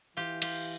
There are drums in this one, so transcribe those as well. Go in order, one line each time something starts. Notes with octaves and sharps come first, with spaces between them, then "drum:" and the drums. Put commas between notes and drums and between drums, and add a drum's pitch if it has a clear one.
E3 F4 G4
F4 G4, drum: cymbal